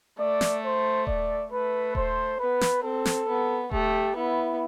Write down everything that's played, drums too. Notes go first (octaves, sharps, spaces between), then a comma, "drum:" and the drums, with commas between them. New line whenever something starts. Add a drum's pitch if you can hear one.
A3 D5
drum: snare
C5
D5, drum: kick D#1
A3 B4
C5, drum: kick D#1
B3 B4
drum: snare
C4 A4
drum: snare
B3
A3 G4, drum: kick D#1
B3 E4